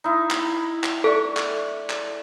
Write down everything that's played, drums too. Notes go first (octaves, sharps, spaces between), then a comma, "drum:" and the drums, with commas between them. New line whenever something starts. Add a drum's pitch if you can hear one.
D#4 E4
drum: clap
drum: clap
A3 D4 A4 C#6
drum: clap
drum: clap